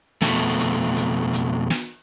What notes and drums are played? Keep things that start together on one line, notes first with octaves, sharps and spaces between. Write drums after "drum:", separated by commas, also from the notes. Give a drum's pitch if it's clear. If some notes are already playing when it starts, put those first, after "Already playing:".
F2 B2 A3, drum: snare
drum: hi-hat
drum: hi-hat
drum: hi-hat
drum: snare